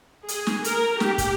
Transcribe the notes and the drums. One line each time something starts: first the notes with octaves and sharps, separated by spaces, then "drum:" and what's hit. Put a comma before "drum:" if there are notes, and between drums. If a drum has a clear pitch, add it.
G#4, drum: hi-hat
drum: snare
A#4, drum: hi-hat
G4, drum: snare
drum: kick, hi-hat